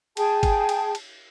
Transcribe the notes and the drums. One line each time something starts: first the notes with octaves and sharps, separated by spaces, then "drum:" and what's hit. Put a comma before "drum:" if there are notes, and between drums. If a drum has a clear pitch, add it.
G#4 G5 A5, drum: cymbal
drum: kick, cymbal
drum: cymbal
drum: cymbal